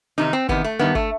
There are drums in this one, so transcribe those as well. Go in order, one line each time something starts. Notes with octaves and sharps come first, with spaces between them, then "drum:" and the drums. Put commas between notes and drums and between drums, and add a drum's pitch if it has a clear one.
E2 C3 D#3 D#4
C4
E2 C3 D#3 B3, drum: kick G1
A3
G2 D#3 G3 B3
A3, drum: kick G1